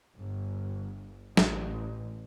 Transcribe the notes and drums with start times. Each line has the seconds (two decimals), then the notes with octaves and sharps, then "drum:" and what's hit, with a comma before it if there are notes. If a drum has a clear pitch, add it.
0.19 G1
1.37 A1, drum: snare F#3